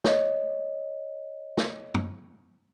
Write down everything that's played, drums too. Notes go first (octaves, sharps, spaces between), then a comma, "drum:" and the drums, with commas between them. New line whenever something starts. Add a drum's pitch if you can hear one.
C#5 D#5, drum: snare
drum: snare
drum: tom